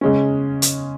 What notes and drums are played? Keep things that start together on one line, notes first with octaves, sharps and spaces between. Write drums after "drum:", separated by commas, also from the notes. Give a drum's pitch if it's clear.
C#3 G#3 C#4
drum: hi-hat